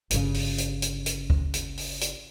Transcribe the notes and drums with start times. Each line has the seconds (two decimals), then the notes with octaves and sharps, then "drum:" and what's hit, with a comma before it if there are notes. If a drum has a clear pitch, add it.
0.11 G1 C#3, drum: hi-hat
0.34 drum: open hi-hat
0.58 drum: hi-hat
0.82 drum: hi-hat
1.06 drum: hi-hat
1.30 drum: kick
1.54 drum: hi-hat
1.78 drum: open hi-hat
2.01 drum: hi-hat